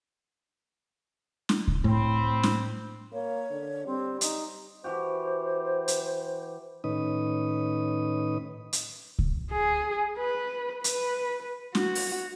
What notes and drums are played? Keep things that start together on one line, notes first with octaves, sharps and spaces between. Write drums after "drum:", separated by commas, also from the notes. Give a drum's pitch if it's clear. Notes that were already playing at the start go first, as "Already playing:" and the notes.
drum: snare
drum: kick C#2
A2 C4 B5
drum: snare
A#3 C#5
D3
G3 C4
D#4, drum: hi-hat
E3 F#4 G4 C5
drum: hi-hat
A2 D#3 C#4 D#4 B4 D#6
drum: hi-hat
drum: kick C#2
G#4
B4
B4, drum: hi-hat
F#4, drum: snare
drum: open hi-hat